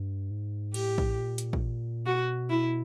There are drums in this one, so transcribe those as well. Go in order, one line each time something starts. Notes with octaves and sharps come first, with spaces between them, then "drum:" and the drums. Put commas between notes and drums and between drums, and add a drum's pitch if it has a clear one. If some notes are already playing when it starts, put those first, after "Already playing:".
Already playing: G2
G#2
A2 G4, drum: cymbal
drum: kick A1
A#2
drum: hi-hat
drum: kick A1
B2 F#4
E4